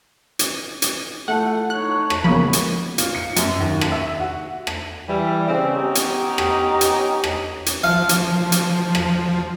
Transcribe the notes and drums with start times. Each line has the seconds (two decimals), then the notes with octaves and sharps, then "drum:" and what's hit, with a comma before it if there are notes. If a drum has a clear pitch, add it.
0.39 drum: hi-hat
0.82 drum: hi-hat
1.28 A3 E4 F4 F#5
1.70 D#4 C#5 F#6
2.10 drum: rim click
2.24 C#3 F3 G#3 A#3 B3 F#4 B5
2.53 drum: hi-hat
2.98 F4, drum: hi-hat
3.15 C#7
3.36 F#2, drum: hi-hat
3.60 D#2
3.81 drum: rim click
3.92 E5
4.20 F#4
4.67 drum: rim click
5.09 E3 G3
5.48 C#3 C4
5.76 B3 C#4 D#4 G4
5.95 drum: hi-hat
6.38 drum: rim click
6.81 drum: hi-hat
7.24 drum: rim click
7.66 drum: hi-hat
7.83 F3 F5
8.09 drum: hi-hat
8.52 drum: hi-hat
8.95 drum: rim click